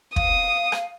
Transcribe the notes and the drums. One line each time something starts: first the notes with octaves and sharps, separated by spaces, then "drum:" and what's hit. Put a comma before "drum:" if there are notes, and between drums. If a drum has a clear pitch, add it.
F5 D#6, drum: kick
drum: rim click